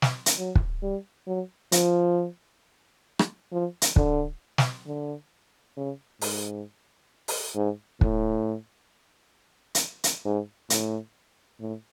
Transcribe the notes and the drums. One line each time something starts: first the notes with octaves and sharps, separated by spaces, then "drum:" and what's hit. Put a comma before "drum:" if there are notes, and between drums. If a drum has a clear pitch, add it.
drum: snare
drum: hi-hat
F#3
drum: kick
G3
F#3
F3, drum: hi-hat
drum: rim click
F3
drum: hi-hat
D3, drum: kick
drum: snare
D3
C#3
G#2, drum: open hi-hat
drum: open hi-hat
G#2
A2, drum: kick
drum: hi-hat
drum: hi-hat
G#2
A2, drum: hi-hat
A2